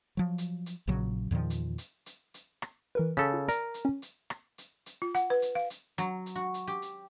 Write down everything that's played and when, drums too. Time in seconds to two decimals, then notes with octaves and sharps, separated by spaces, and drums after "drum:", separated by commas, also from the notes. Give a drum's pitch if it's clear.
0.17 F3 F#3
0.38 drum: hi-hat
0.66 drum: hi-hat
0.87 A#1 A#2 C#3 F#3
1.31 E2 A#2 D#3 F3
1.50 drum: hi-hat
1.78 drum: hi-hat
2.06 drum: hi-hat
2.34 drum: hi-hat
2.62 drum: rim click
2.95 E3 A#4 B4
3.17 C#3 A4 B6
3.34 F4
3.49 A#4 D5, drum: hi-hat
3.74 drum: hi-hat
3.85 C#4
4.02 drum: hi-hat
4.30 drum: rim click
4.58 drum: hi-hat
4.86 drum: hi-hat
5.02 F4
5.15 F#5, drum: hi-hat
5.30 B4
5.42 drum: hi-hat
5.55 F5
5.70 drum: hi-hat
5.98 F#3, drum: rim click
6.26 drum: hi-hat
6.35 F#4
6.54 drum: hi-hat
6.68 G4
6.82 drum: hi-hat